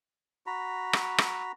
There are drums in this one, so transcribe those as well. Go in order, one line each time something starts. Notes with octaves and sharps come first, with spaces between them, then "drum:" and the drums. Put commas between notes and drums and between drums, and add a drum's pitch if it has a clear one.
F#4 A#5 B5
drum: rim click
drum: rim click